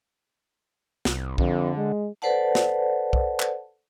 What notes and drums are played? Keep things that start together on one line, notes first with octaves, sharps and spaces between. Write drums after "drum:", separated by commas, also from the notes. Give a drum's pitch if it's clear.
C2, drum: snare
F2 D3, drum: kick
G#3
A4 B4 C5 D5 F#5 A5
drum: snare
drum: kick
drum: clap